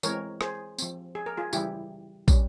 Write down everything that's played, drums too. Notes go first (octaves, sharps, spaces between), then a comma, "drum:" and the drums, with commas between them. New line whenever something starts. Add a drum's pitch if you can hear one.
E3 G#3 C4 A#4 C#5, drum: tambourine
G#4 C5, drum: rim click
F3 C4, drum: tambourine
G#4
A#4
F4 G#4
C#3 E3 G3 E4 G4, drum: tambourine
G3 C#4, drum: kick, tambourine